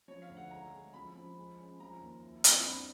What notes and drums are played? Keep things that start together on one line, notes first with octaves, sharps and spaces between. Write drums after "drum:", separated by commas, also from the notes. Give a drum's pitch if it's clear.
F3 C#5
F5
D2
F#5
G#3 A#5
G#3
F3 B5
F3
G#3
C#4
F3 A#5
D#2
E4
C4, drum: hi-hat
G2 B5